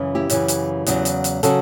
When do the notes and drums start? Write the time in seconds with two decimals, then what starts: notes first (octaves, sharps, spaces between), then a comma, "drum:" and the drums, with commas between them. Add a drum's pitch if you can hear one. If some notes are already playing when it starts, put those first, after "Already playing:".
Already playing: F#2 C#3 E3
0.15 E4 G4
0.30 F#2 C#3 E3, drum: hi-hat
0.48 drum: hi-hat
0.86 E2 C#3 F#3, drum: hi-hat
1.05 drum: hi-hat
1.24 drum: hi-hat
1.43 C#3 F#3 F#4 A4, drum: hi-hat